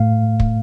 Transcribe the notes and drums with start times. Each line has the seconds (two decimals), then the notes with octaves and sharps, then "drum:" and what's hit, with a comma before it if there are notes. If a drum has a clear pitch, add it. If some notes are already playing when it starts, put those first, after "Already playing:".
Already playing: A2 A3 F5
0.40 drum: kick